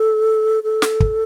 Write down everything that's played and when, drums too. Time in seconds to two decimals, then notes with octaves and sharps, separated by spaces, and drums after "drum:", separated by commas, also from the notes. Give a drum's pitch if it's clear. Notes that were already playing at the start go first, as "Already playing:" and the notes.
Already playing: A4
0.63 A4
0.82 drum: snare
1.00 drum: kick